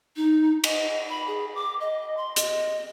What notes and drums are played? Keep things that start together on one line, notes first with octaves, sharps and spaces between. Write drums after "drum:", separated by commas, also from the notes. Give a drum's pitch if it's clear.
D#4
D#5, drum: cymbal
B5
G#4
D6
D#5
C6
D#5, drum: hi-hat